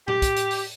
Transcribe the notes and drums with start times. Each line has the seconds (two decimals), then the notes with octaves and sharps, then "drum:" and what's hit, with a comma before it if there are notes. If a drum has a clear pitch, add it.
0.08 G4, drum: tom A2
0.22 drum: kick, hi-hat
0.36 drum: hi-hat
0.51 drum: open hi-hat